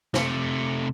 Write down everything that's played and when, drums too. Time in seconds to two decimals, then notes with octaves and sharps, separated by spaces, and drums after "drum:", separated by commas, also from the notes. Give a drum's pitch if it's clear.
0.14 C3 A3, drum: snare